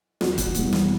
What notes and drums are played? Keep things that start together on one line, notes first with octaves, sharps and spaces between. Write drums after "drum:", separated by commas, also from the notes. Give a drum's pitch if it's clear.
E1 F#4, drum: snare
drum: kick C#1, hi-hat
E2 B2 G3, drum: hi-hat
drum: snare